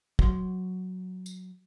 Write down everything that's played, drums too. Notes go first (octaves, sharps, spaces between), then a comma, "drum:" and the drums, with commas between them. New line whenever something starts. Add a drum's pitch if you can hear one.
F#3 C6, drum: kick
drum: tambourine